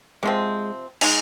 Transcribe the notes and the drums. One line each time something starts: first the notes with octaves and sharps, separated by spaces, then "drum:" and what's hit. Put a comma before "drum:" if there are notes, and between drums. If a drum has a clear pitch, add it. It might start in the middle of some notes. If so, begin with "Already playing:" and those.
C3 F3 G#3 C4
G#3 D#4 G#4, drum: cymbal